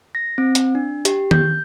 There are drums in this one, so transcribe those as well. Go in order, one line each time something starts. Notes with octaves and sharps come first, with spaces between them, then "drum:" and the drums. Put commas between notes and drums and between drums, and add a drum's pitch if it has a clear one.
A#6
C4
drum: hi-hat
D4
G4, drum: hi-hat
G6, drum: tom D#3